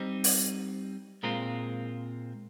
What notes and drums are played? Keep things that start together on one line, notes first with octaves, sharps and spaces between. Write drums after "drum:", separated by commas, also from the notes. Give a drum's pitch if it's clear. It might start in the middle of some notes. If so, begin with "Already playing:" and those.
Already playing: G3 C4 D#4
drum: open hi-hat
A#2 G#3 C4 F4 A#4